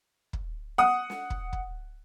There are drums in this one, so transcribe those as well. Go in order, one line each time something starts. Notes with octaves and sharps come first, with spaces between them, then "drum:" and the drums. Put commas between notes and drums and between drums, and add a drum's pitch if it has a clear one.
drum: kick
F#5 D#6
drum: snare
drum: kick
drum: kick